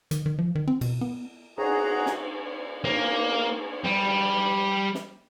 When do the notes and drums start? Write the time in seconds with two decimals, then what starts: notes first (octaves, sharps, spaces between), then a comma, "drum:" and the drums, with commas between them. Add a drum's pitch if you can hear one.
0.11 D#3, drum: hi-hat
0.26 D#3
0.39 F3
0.55 D#3
0.68 C4
0.81 B2, drum: cymbal
1.01 B3
1.58 F#4 G#4 A#5, drum: cymbal
2.06 drum: snare
2.84 A#3, drum: cymbal
3.84 G3
4.95 drum: snare